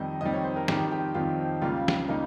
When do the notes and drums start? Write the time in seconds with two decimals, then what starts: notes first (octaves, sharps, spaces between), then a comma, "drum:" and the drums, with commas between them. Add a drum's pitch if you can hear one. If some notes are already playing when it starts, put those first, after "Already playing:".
Already playing: F2 D#3 G3 D#5
0.21 F2 D#3 G3 D#5
0.33 C#5
0.44 C5
0.56 A#4
0.68 F2 D#3 G3 G4, drum: snare
0.92 G4
1.14 F2 D#3 G3 F4
1.61 C#2 C#3 G3 A#3 F4
1.88 drum: snare
2.09 C#3 G3 A#3 D#4